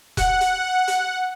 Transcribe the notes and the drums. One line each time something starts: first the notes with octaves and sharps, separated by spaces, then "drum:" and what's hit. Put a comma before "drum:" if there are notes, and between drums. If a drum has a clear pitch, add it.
F#5, drum: kick E1, hi-hat
drum: hi-hat
drum: hi-hat